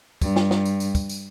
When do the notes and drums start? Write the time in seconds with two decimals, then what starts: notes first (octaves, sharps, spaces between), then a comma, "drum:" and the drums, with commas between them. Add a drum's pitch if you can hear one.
0.22 G2, drum: kick, tambourine
0.36 drum: snare
0.51 drum: snare
0.65 drum: tambourine
0.80 drum: tambourine
0.95 drum: kick, tambourine
1.09 drum: tambourine